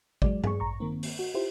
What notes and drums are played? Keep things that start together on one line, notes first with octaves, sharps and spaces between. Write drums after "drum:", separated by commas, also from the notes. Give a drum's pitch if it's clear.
F#3 G#3 D5, drum: kick
G#4 C#6, drum: tom G2
A1 A#5 C#6
D#3 A#3 C4
drum: open hi-hat
F#4
E4 F4 G4 C5